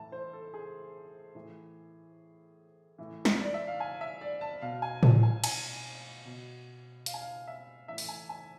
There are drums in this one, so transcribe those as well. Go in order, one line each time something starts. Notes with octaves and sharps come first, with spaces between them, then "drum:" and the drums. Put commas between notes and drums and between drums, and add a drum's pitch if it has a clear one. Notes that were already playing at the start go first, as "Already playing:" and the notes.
Already playing: A2 E3 A5
C5
A4
G#4
A2 E3
A2 E3
drum: snare
D5
E5
F5
G#5
E5
D5
A5
B2 F5
G#5
A5, drum: tom A2
G#5
G#5, drum: cymbal
B2
F5, drum: hi-hat
G#5
F5
E5
A2 E3 E5
drum: open hi-hat
G#5
G#5